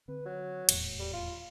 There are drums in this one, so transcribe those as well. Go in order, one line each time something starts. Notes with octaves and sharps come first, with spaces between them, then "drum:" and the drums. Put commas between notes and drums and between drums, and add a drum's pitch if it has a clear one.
D3 C4 B4
F#3
D#1 E2 A2, drum: cymbal
G3
F4